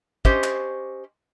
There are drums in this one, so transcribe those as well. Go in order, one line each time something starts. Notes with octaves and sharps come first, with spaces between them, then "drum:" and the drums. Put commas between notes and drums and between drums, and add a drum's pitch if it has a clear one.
C#4 G4 C5 D#5, drum: kick
drum: clap